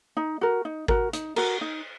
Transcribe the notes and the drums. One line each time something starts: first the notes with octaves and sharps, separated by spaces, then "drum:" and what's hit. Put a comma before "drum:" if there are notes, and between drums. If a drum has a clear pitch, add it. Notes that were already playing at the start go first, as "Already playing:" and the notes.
D#4
F#4 A#4
D#4
F#4 A#4, drum: kick G#1
D#4, drum: hi-hat
F#4 A#4, drum: cymbal
D#4